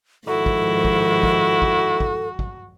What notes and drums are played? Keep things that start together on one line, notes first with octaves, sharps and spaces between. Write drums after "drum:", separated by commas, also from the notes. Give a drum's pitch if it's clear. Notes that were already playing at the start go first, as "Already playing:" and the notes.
G#2 D#3 F3 E4 F#4 A4
drum: kick
drum: kick
drum: kick
drum: kick
drum: kick
drum: kick